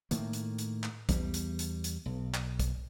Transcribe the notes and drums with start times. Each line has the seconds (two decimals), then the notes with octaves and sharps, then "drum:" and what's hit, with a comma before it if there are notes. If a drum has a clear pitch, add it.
0.11 A2 D#3 A#3, drum: hi-hat
0.33 drum: hi-hat
0.58 drum: hi-hat
0.84 drum: clap
1.09 E2 G3, drum: kick, hi-hat
1.34 drum: hi-hat
1.59 drum: hi-hat
1.84 drum: hi-hat
2.06 B1
2.34 drum: clap
2.59 drum: kick, hi-hat